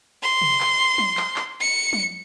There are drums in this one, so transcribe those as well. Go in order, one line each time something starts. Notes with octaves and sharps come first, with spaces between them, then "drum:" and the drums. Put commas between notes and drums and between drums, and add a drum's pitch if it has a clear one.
C6
drum: tom C3
drum: clap
drum: tom
drum: clap
drum: clap
C#7
drum: tom